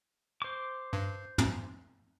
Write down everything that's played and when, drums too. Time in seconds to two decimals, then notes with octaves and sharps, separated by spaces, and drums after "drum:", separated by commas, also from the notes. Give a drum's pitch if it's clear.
0.42 C5 D6
0.93 G2
1.38 drum: tom